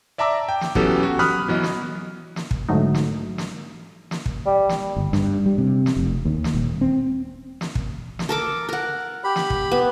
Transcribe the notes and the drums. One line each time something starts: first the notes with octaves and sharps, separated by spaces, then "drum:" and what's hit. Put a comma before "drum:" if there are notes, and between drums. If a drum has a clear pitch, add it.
D5 E5 A5 A#5 D6 E6
G5
drum: snare
E3 F#3 B3 C#4 G4 A4, drum: kick
F#4
B5 D#6 F6 F#6, drum: snare
E3 F#3 B3 D#5
drum: snare
drum: snare
drum: kick
G#2 D3 F#3 A3 D#4
drum: snare
drum: snare
drum: snare
drum: kick
G3
drum: snare
G1
G2, drum: snare
G3
C3
drum: snare
F1
D#2
drum: snare
D#1
C4
drum: snare
drum: kick
drum: snare
A4 A#4 D6
A#4 F#5
G4 B5
drum: snare
drum: kick
B3